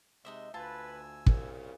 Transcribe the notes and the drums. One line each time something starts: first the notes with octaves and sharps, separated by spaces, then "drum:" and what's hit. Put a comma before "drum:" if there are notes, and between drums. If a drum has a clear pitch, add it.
C3 G#3 D#4 D#5 E5
D2 F4 B4 G#5 A5 E6
C2 A#2 C#3, drum: kick